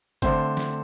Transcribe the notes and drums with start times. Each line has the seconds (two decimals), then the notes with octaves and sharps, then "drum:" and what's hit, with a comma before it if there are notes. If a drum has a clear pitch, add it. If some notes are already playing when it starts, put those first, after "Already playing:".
0.22 D3 A3 C4 C5, drum: kick G1, hi-hat
0.57 drum: snare